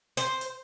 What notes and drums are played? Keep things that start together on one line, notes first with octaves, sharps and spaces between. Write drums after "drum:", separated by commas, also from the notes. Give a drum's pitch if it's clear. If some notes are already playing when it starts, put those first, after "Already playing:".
C5, drum: hi-hat
drum: hi-hat